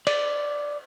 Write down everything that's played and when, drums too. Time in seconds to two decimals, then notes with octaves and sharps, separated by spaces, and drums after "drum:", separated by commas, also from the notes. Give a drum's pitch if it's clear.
0.07 D5, drum: cymbal